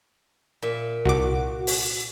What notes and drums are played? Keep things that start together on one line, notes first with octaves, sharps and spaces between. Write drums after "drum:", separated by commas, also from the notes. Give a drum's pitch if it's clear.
A#2 E5
C2 F#4 D6
drum: open hi-hat